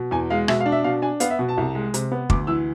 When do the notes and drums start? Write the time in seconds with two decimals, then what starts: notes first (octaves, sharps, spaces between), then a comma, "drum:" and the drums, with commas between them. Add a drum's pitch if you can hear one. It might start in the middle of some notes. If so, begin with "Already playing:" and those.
Already playing: B2
0.11 E2 G#5
0.30 G#3 F5
0.48 B2 E5, drum: rim click
0.60 F5
0.66 D4
0.72 E5
0.84 B2 F5
1.02 D4 G#5
1.20 B3 F5, drum: hi-hat
1.30 E5
1.39 B2
1.49 A5
1.57 C2
1.75 G#3
1.94 C3, drum: hi-hat
2.12 B3
2.30 D2 D6, drum: kick
2.47 E3 E6